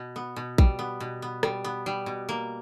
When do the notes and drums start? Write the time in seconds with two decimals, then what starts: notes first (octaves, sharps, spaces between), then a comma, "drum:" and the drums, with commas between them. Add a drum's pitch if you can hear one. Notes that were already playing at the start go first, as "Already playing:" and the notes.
Already playing: B2
0.16 B3
0.36 B2
0.58 G3, drum: kick A#1
0.79 B3
1.00 B2
1.22 B3
1.43 G3, drum: rim click
1.64 B3
1.86 G3
2.06 B2
2.29 A#3